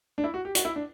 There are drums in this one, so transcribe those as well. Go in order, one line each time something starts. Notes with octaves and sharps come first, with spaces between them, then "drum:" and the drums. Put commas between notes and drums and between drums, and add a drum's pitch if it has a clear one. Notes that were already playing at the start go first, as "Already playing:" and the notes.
D4
E4
F#4
G4
F#4, drum: hi-hat
E4
D4